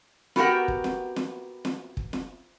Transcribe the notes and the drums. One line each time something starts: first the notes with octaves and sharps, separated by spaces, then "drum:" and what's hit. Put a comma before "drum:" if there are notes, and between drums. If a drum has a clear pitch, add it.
B3 F#4 G4 A#4 F#5 G5, drum: snare
drum: kick
drum: snare
drum: snare
drum: snare
drum: kick
drum: snare